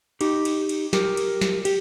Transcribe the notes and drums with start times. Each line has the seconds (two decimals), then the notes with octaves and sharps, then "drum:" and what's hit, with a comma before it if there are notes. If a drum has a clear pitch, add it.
0.21 D#4 G4, drum: cymbal
0.45 drum: cymbal
0.69 drum: cymbal
0.93 G4 A#4, drum: snare
1.17 drum: cymbal
1.41 drum: snare
1.65 G4, drum: cymbal